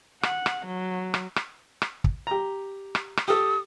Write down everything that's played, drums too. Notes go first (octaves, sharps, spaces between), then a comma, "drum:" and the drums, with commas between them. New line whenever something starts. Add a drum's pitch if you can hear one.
F#5, drum: rim click
drum: rim click
F#3
drum: rim click
drum: rim click
drum: rim click
drum: kick
G4 A#5
drum: rim click
drum: rim click
G4 A4 D#6